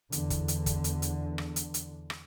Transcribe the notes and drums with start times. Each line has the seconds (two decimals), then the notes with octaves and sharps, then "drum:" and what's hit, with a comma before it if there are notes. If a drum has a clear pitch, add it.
0.12 E2 D3, drum: hi-hat
0.30 drum: kick, hi-hat
0.48 drum: hi-hat
0.66 drum: kick, hi-hat
0.84 drum: hi-hat
1.02 drum: hi-hat
1.38 drum: rim click
1.56 drum: hi-hat
1.74 drum: hi-hat
2.10 drum: rim click